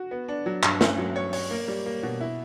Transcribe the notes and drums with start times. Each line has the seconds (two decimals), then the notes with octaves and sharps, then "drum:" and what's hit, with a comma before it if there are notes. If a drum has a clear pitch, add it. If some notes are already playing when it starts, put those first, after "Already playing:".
Already playing: F#4
0.11 B3
0.28 D4
0.46 F#3
0.63 G2, drum: clap
0.81 C#4, drum: snare
0.98 F#3
1.16 C#5
1.33 C#5, drum: open hi-hat
1.51 A#3
1.68 G3
1.86 A#3
2.03 B2
2.21 E4